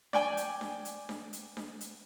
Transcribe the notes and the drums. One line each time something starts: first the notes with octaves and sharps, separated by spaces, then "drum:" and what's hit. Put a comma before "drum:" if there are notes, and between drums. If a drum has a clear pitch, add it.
D5 G5 G#5, drum: snare D4
drum: hi-hat
drum: snare D4
drum: hi-hat
drum: snare D4
drum: hi-hat
drum: snare D4
drum: hi-hat